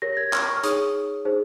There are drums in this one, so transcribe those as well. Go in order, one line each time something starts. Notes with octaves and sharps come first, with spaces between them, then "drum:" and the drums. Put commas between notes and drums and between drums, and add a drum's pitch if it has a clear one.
G4 A#4 C#5 A#6
G#6
F6, drum: clap
C#6
F6
D#4 G#4 C#5 D#6, drum: hi-hat
D#4 G#4 C5